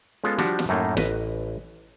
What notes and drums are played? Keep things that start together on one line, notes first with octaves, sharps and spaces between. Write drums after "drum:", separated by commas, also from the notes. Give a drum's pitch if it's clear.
G#3 B3 C#4 F4 A4
F3 G3 D4 F#4 G4, drum: snare
drum: snare
F#2 A2 A3 A#3 D#4
A1 B4 D#5, drum: snare